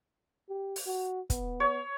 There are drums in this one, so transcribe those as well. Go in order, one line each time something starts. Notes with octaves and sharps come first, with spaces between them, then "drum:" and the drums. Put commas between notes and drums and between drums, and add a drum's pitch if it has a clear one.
G4
drum: open hi-hat
F#4
B3, drum: kick, hi-hat
C#5